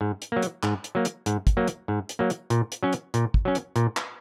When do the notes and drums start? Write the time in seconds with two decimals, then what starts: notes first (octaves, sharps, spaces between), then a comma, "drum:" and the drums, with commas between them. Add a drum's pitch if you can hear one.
0.01 G#2
0.22 drum: hi-hat
0.32 F#3 A#3
0.42 drum: hi-hat
0.63 G#2, drum: clap
0.84 drum: hi-hat
0.95 F#3 A#3
1.05 drum: hi-hat
1.26 G#2, drum: hi-hat
1.47 drum: kick, hi-hat
1.57 F#3 A#3
1.68 drum: hi-hat
1.88 G#2
2.09 drum: hi-hat
2.19 F#3 A#3
2.30 drum: hi-hat
2.50 A#2, drum: hi-hat
2.72 drum: hi-hat
2.83 F#3 C#4
2.93 drum: hi-hat
3.14 A#2, drum: hi-hat
3.34 drum: kick
3.45 F#3 C#4
3.55 drum: hi-hat
3.76 A#2, drum: hi-hat
3.97 drum: clap